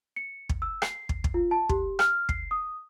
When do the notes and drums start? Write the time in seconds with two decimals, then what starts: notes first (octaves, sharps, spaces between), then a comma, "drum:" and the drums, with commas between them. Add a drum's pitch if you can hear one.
0.16 C#7
0.49 drum: kick
0.62 E6
0.82 C7, drum: rim click
1.09 drum: kick
1.24 drum: kick
1.34 F4
1.51 A5
1.69 G4, drum: kick
1.99 F6, drum: rim click
2.29 C7, drum: kick
2.51 D#6